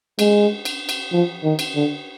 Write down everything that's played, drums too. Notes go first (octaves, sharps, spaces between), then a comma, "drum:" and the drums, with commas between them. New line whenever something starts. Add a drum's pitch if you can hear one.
G#3, drum: cymbal
drum: cymbal
drum: cymbal
F3
D#3
drum: cymbal
D3